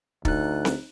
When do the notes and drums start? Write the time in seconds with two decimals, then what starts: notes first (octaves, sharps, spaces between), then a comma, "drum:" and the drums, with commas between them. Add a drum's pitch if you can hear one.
0.25 D2 D#4 F#6, drum: kick
0.65 drum: snare C4